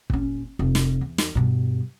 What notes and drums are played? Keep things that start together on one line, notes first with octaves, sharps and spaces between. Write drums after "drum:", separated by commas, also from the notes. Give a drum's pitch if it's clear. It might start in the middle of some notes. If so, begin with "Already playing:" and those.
D#1 C#4, drum: kick
F1
drum: snare
E2
drum: snare
G2 B2